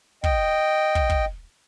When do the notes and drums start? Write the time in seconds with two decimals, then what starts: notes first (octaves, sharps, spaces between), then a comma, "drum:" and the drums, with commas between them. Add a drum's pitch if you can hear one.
0.24 D#5 G5, drum: kick
0.95 drum: kick
1.10 drum: kick